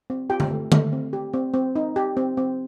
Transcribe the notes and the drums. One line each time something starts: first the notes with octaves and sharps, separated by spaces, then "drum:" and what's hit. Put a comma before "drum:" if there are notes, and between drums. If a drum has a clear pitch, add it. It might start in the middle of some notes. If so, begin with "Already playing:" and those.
C4
F4 G4 G5
drum: tom D3
A3
A3, drum: tom D3
C4
G4
C4
C4
D#4
G4
C4
C4